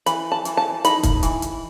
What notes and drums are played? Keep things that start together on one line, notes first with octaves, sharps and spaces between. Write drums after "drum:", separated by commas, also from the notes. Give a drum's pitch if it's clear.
E3 B5, drum: hi-hat
A5
E3, drum: hi-hat
A5
D#4 B5, drum: hi-hat
drum: kick, hi-hat
E3, drum: hi-hat
drum: hi-hat